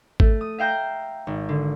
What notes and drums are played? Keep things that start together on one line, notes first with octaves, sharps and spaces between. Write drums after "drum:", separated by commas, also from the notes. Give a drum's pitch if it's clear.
A3, drum: kick G#1
D#6
E5 F5 G5 A#5 G6
G#1
D3